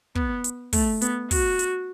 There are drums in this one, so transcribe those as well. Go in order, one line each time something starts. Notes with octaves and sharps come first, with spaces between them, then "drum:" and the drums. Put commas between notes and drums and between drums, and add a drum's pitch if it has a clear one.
B3, drum: kick
drum: hi-hat
A3, drum: kick, open hi-hat
B3, drum: hi-hat
F#4, drum: kick, open hi-hat
drum: hi-hat